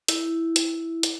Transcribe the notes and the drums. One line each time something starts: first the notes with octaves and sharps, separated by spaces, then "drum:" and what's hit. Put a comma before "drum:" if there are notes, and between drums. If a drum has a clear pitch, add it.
E4, drum: hi-hat
drum: hi-hat
drum: hi-hat